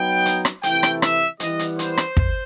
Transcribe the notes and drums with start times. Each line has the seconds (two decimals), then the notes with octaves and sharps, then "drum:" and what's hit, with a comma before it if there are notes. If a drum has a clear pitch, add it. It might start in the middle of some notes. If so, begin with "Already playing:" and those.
Already playing: F#3 B3 D#4 G5
0.26 drum: hi-hat
0.45 drum: rim click
0.63 C3 E3 A3 E4 G5, drum: hi-hat
0.83 drum: rim click
1.02 E5, drum: rim click
1.40 E3 G3 B3 D#5, drum: hi-hat
1.59 drum: hi-hat
1.79 C5, drum: hi-hat
1.97 drum: rim click
2.17 drum: kick